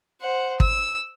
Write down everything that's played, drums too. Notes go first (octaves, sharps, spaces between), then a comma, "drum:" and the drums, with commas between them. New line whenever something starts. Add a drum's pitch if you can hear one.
C5 F#5
E6, drum: kick